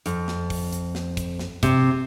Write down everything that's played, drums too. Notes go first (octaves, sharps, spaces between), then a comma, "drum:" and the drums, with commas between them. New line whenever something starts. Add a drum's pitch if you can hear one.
F2, drum: hi-hat
drum: snare
drum: kick, open hi-hat
drum: hi-hat
drum: snare
drum: kick, hi-hat
drum: snare
C3, drum: kick, hi-hat